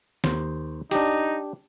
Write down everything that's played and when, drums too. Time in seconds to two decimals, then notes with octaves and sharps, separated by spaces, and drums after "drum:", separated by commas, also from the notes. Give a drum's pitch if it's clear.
0.24 D#2 C5, drum: snare
0.91 D4 D#4 G4, drum: hi-hat